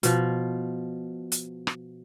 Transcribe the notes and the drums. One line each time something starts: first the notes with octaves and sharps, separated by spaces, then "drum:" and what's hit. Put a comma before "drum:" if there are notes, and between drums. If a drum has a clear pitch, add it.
B2 F3, drum: hi-hat
drum: hi-hat
drum: rim click